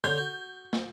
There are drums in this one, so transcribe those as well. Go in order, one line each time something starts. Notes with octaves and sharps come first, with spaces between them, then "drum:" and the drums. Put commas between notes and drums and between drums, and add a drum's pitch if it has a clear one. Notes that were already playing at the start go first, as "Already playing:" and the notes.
D3 C#4 C6 G6
F#4
drum: snare